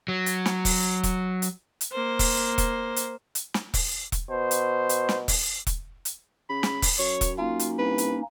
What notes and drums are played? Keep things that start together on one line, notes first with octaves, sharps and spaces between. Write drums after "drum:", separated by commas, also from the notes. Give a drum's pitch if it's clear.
F#3
drum: hi-hat
drum: snare
drum: kick E1, open hi-hat
drum: kick E1, hi-hat
drum: hi-hat
drum: hi-hat
A#3 C5
drum: kick E1, open hi-hat
drum: kick E1, hi-hat
drum: hi-hat
drum: hi-hat
drum: snare
drum: kick E1, open hi-hat
drum: kick E1, hi-hat
B2 C5
drum: hi-hat
drum: hi-hat
drum: snare
drum: kick E1, open hi-hat
drum: kick E1, hi-hat
drum: hi-hat
C#3 B5
drum: snare
drum: kick E1, open hi-hat
F#2 C#5
drum: kick E1, hi-hat
A#3 C#4 D#4 F4
drum: hi-hat
C2 B4
drum: hi-hat